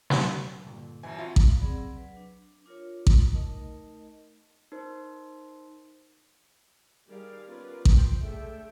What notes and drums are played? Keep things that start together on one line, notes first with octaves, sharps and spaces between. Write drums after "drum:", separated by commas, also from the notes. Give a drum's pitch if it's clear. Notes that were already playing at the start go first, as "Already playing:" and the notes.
drum: snare
G2 A#2 D3
F#2 B2 E3 G#5
C4 E4 F4 B5
drum: kick A1
F#3 C4 G#4 D5 B5
F#3 B4
D4
D4 F4 A#4 C#5
drum: kick A1
A3 D#4 A#4 D#5
D#4 A#4 C5
D#3 G3 G#4 A#4 D5 F5
B3 C#4 F4 A#4 B4 D5
C5 G5, drum: kick A1
G#3 A3 D4 A4 E5 G5